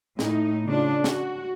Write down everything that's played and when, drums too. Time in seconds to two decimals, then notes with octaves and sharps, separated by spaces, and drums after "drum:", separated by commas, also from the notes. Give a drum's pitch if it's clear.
0.19 A2 D#4, drum: snare
0.67 C#3 D4 F4
1.04 F#4, drum: snare